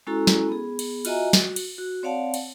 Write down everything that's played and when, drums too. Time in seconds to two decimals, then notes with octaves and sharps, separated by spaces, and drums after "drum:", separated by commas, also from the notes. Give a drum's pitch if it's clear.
0.07 G#3 C#4 E4 F#4 A4 A#5
0.27 drum: snare
0.49 B3 G#4
0.79 drum: cymbal
1.05 F4 F#4 D#5 E5 G#5 A#5, drum: cymbal
1.33 F#4, drum: snare
1.56 drum: cymbal
1.78 F#4
2.03 C4 C#5 D5 F5 F#5 A5
2.34 drum: cymbal